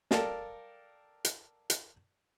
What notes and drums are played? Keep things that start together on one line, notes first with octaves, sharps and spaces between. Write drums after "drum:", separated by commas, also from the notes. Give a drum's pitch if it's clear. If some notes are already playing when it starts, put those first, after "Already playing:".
A4 A#4 D5 F5 G5 A5, drum: snare
drum: hi-hat
drum: hi-hat